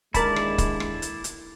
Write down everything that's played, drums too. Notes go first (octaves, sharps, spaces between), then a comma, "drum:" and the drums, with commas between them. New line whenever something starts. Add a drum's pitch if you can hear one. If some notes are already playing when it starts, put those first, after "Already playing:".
D#2 D3 G#3 E4 A#4 D5 A5 B5, drum: kick, hi-hat
drum: rim click
drum: kick, hi-hat
drum: rim click
drum: hi-hat
drum: hi-hat